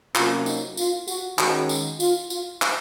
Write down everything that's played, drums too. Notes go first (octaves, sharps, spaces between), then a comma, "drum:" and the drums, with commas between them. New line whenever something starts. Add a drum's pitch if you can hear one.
C3 F#3 A#3 C#4 F4, drum: clap
D#4, drum: tambourine
F4, drum: tambourine
F#4, drum: tambourine
D#3 G#3 C#4 F#4, drum: clap
drum: tambourine
F4, drum: tambourine
F4, drum: tambourine
drum: clap